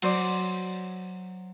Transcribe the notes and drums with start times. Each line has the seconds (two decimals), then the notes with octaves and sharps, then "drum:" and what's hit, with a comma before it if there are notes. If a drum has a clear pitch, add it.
0.02 F#3 C5 D5, drum: cymbal